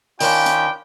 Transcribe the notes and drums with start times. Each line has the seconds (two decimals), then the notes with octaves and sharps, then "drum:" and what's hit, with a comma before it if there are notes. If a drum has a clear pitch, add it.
0.20 D#3 C#4 D4 F4 G5 B5, drum: open hi-hat
0.46 drum: hi-hat